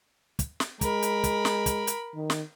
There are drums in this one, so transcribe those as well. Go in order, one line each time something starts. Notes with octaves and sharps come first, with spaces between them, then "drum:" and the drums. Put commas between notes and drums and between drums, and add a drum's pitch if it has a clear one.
drum: kick, hi-hat
drum: snare
G#3 A#4 B5, drum: kick, hi-hat
drum: hi-hat
drum: kick, hi-hat
drum: snare
drum: kick, hi-hat
drum: hi-hat
D#3
drum: snare